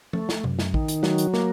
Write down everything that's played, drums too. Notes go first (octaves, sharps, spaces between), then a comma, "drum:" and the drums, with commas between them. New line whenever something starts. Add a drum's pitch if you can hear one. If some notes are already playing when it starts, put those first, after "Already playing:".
A3, drum: tom F3
drum: snare
F#2, drum: tom C3
drum: snare
D#3, drum: kick
drum: hi-hat
F#3, drum: snare
drum: hi-hat
A#3, drum: snare